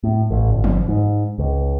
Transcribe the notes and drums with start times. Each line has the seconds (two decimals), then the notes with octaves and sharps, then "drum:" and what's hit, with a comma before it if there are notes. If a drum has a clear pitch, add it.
0.03 A2
0.31 A1
0.51 G1
0.64 drum: tom E3
0.88 G#2
1.38 C#2